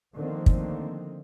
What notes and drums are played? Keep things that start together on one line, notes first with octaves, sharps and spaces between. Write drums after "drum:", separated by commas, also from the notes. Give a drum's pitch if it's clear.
D3 D#3 F3 A3 A#3 C4
drum: kick